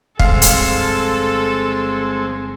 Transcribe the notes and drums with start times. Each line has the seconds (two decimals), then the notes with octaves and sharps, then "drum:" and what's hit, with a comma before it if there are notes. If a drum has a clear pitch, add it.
0.19 G1 G2 F3 G#3 C4 A4 F5, drum: kick
0.42 drum: hi-hat